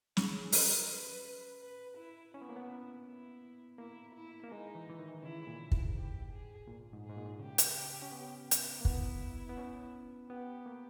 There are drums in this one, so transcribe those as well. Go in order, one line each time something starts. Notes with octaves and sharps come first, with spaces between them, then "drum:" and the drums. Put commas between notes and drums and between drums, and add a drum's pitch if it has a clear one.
C#4 G#4, drum: snare
A#4, drum: open hi-hat
B4
B4
E4
C#4 E4
B3
A#3
B3
E4
A#3 E4
E4
A#3
G#3 D#4
E3
E3
D#3
C#3 E4
A#2
G#2, drum: kick
G4
G#4
A#2
G#2
G#4
G#2
A#2
C#3 G4
drum: hi-hat
C#4
B3
drum: hi-hat
A#3
B3 E4, drum: kick
B3
C#4
B3 G4
A#3